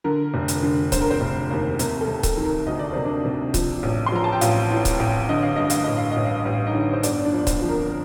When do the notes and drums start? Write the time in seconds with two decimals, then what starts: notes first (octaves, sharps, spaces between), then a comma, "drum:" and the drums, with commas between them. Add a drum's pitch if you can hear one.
0.04 D3 A#4
0.34 F1
0.48 drum: hi-hat
0.63 D3
0.92 D3 C5, drum: kick C#1, hi-hat
1.01 A#4
1.11 C4 C5
1.21 F1
1.50 D#2
1.79 C3 A#4, drum: hi-hat
2.01 A4
2.08 C3
2.23 A4, drum: kick C#1, hi-hat
2.37 D#3
2.45 A#4
2.66 D2 D#5
2.79 D5
2.93 C3 C5
3.05 D4 D5
3.25 C3
3.54 F3, drum: kick C#1, hi-hat
3.83 A1
4.06 C6
4.12 F3 A#5
4.24 A5
4.33 G5
4.41 A1 F4 F5, drum: hi-hat
4.71 A2
4.85 drum: kick C#1, hi-hat
5.00 A1
5.29 D3 D#5
5.43 F5
5.56 G2 D#5
5.70 F5, drum: hi-hat
5.84 A1 D#5
5.97 F5
6.12 A1 D#5
6.25 F5
6.39 D#5
6.45 A1
6.53 F5
6.66 D#4 D#5
6.75 D3
6.93 C5
7.03 G1 D4 D5, drum: hi-hat
7.25 D4 D5
7.33 F2
7.47 C4 C5, drum: kick C#1, hi-hat
7.62 F3
7.69 A#4